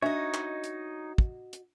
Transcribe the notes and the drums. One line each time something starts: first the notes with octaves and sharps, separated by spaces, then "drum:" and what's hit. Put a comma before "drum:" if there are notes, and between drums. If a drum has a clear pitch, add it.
D4 D#4 F#4 C#5 D#5 E5
drum: clap
drum: hi-hat
drum: kick
drum: hi-hat